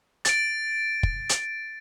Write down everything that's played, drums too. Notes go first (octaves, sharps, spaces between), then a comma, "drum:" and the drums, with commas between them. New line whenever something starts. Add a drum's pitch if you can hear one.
A6 D7, drum: hi-hat
drum: kick
drum: hi-hat